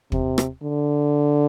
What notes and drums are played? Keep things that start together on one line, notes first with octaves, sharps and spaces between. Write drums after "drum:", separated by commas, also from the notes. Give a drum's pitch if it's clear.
C3, drum: kick
drum: rim click
D3